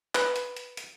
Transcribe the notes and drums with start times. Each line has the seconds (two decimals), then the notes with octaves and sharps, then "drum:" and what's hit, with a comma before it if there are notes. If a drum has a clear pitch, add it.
0.15 B4, drum: clap
0.36 drum: hi-hat
0.57 drum: hi-hat
0.77 drum: hi-hat